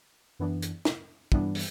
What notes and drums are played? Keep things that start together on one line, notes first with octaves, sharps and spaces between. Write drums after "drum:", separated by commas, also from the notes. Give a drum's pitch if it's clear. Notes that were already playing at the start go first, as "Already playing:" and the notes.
F#2 E3 B3 D4
drum: hi-hat
drum: snare
G2 E3 G3 B3 D4, drum: kick
drum: open hi-hat